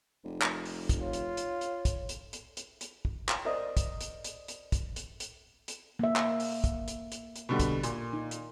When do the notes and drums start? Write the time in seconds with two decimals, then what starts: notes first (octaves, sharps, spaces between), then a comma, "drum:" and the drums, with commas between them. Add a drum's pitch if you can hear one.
0.24 F1
0.42 drum: clap
0.66 drum: open hi-hat
0.89 drum: kick, hi-hat
1.01 F4 C#5
1.13 drum: hi-hat
1.37 drum: hi-hat
1.61 drum: hi-hat
1.85 drum: kick, hi-hat
2.09 drum: hi-hat
2.33 drum: hi-hat
2.57 drum: hi-hat
2.81 drum: hi-hat
3.05 drum: kick
3.29 drum: clap
3.45 A#4 C5 D5 D#5 D#6
3.77 drum: kick, hi-hat
4.01 drum: hi-hat
4.24 drum: hi-hat
4.48 drum: hi-hat
4.72 drum: kick, hi-hat
4.96 drum: hi-hat
5.20 drum: hi-hat
5.68 drum: hi-hat
5.99 A#3 E5
6.16 drum: clap
6.40 drum: open hi-hat
6.64 drum: kick, hi-hat
6.88 drum: hi-hat
7.12 drum: hi-hat
7.36 drum: hi-hat
7.49 B2 D3 G3
7.60 drum: kick, hi-hat
7.83 A#2, drum: hi-hat
8.13 D#4
8.31 drum: hi-hat